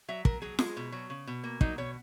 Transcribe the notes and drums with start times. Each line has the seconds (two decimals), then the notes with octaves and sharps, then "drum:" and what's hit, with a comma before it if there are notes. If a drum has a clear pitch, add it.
0.08 F#3 E5
0.25 F#3 A#4, drum: kick
0.42 F#3 G#4
0.59 G#3 G#4, drum: snare
0.77 B2
0.92 F#3
1.10 C#3
1.27 B2
1.44 A#3
1.61 F#3 D#4, drum: kick
1.78 B2 C#5